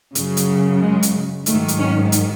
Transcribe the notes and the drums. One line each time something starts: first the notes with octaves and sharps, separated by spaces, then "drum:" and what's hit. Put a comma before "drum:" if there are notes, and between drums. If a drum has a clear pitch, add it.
F#2 C#3 F#3, drum: hi-hat
drum: hi-hat
G#3
drum: hi-hat
G#2 D#3 F#3 A3, drum: hi-hat
drum: hi-hat
C#4
drum: hi-hat